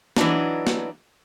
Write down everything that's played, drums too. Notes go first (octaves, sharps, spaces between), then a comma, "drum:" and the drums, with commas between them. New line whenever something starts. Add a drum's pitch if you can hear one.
E3 F#3 D4 D#4, drum: snare
drum: snare